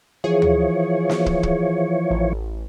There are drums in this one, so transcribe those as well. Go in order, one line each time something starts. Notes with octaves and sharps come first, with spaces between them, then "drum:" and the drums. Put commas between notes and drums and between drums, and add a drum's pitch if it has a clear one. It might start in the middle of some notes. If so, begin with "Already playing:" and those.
E3 F3 G#4 C#5
drum: tom D2
drum: snare
drum: kick
drum: kick
A1